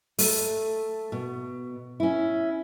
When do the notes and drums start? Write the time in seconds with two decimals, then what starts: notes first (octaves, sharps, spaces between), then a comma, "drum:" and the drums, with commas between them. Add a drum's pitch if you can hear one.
0.18 A3, drum: open hi-hat
1.12 B2
2.00 C#4 E4